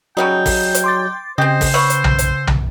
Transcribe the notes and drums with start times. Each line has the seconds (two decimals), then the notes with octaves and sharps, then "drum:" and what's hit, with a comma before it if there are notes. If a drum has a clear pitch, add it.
0.17 C#3 F#3 G3 D#4 G5
0.46 drum: kick, open hi-hat
0.74 drum: hi-hat
0.84 C6 D6 A6
1.38 C#3 C4 G4 C5 D#5
1.61 drum: kick, open hi-hat
1.74 B4 C#5 F#5 E6
1.90 drum: hi-hat
2.04 drum: tom B1
2.19 drum: hi-hat
2.47 drum: tom B1